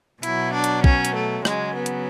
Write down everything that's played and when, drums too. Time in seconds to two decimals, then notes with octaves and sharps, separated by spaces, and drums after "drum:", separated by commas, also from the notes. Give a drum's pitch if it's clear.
0.23 B2 F#3 E4, drum: hi-hat
0.54 D4
0.64 drum: hi-hat
0.84 C#4, drum: kick
1.05 drum: hi-hat
1.15 A3
1.45 C#3 F#3 G#3, drum: rim click
1.75 B3
1.86 drum: hi-hat